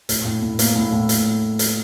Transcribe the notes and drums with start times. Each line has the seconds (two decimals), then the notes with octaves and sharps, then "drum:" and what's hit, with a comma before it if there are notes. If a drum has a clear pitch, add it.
0.09 A2, drum: hi-hat
0.25 A2
0.42 A2
0.59 A#3, drum: hi-hat
0.76 A2
0.92 A2
1.09 drum: hi-hat
1.59 drum: hi-hat